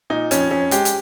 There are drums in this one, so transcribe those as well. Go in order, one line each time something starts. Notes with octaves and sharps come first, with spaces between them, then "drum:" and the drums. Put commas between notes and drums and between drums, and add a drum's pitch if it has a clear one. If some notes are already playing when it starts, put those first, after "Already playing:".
A#2 D#4
F2 C#4, drum: hi-hat
F2 C#4
G#3 G4, drum: hi-hat
drum: hi-hat